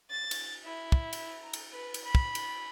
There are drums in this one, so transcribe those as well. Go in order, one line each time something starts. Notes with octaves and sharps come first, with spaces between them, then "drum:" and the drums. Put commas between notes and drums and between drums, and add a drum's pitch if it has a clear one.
A6
drum: cymbal
E4
drum: kick
drum: cymbal
A#5
drum: cymbal
B4
drum: cymbal
B5
drum: kick
drum: cymbal